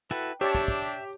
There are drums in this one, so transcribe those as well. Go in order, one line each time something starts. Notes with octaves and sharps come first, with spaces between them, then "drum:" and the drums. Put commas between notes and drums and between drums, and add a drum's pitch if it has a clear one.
E4 F#4 A4 B4 G5
D4 G4 C#5 D5 E5 A5
drum: kick
drum: kick